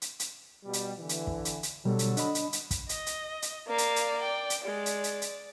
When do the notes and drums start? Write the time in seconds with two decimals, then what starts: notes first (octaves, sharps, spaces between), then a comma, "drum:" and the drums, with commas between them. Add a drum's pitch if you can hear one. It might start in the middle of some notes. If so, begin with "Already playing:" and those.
0.02 drum: hi-hat
0.20 drum: hi-hat
0.64 B2 G3
0.73 drum: hi-hat
0.99 D3 E3
1.09 drum: hi-hat
1.27 drum: kick
1.45 drum: hi-hat
1.63 drum: hi-hat
1.85 B2 D3 F#3 G3 A4
1.99 drum: hi-hat
2.17 D4 D#5 B5, drum: hi-hat
2.35 drum: hi-hat
2.53 drum: hi-hat
2.71 drum: kick, hi-hat
2.89 D#5, drum: hi-hat
3.06 drum: hi-hat
3.42 drum: hi-hat
3.68 A#3 D5 F5
3.78 drum: hi-hat
3.96 drum: hi-hat
4.22 G5
4.50 drum: hi-hat
4.64 G#3 D5
4.86 drum: hi-hat
5.04 drum: hi-hat
5.22 drum: hi-hat